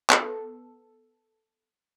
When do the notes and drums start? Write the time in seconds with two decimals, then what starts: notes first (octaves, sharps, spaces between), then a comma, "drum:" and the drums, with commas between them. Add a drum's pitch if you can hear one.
0.10 B3 A4, drum: clap